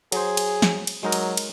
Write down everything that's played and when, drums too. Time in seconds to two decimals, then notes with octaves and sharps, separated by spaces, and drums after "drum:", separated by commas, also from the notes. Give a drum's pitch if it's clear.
0.12 F#3 G#4 C5, drum: cymbal
0.37 drum: cymbal
0.62 drum: snare
0.87 drum: cymbal
1.03 F#3 G#3 D#4 A#4
1.12 drum: cymbal
1.37 drum: cymbal